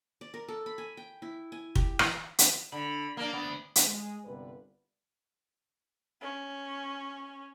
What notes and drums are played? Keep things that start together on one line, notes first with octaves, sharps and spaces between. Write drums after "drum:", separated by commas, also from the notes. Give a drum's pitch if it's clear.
D5
A#4
A4
B5
G#5
G5
E4
G#5
G4, drum: kick
E3, drum: rim click
drum: hi-hat
D3 B5
A#3 D4 A#4
D2 B3 D5
drum: hi-hat
G#3
G1 C2 D3 G3 B4
C#4